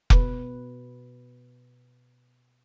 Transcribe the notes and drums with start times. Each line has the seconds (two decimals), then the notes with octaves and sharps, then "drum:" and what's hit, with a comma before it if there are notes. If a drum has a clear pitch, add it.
0.10 B2 B4, drum: kick F1